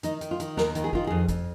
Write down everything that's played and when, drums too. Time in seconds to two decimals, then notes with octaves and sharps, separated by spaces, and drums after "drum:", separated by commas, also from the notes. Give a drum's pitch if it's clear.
0.03 D#3 D#4, drum: hi-hat
0.21 D#3, drum: hi-hat
0.31 F4
0.40 D#3, drum: hi-hat
0.57 D#2 A#4, drum: snare
0.75 D#3, drum: hi-hat
0.84 G#4
0.93 D#3 F4, drum: kick
1.07 F2 G#4
1.28 F2, drum: kick, hi-hat